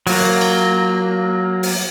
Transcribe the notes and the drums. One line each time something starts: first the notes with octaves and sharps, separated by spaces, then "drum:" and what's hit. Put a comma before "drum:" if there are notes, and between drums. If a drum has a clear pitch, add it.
F#3 A#3, drum: open hi-hat
drum: cymbal
drum: open hi-hat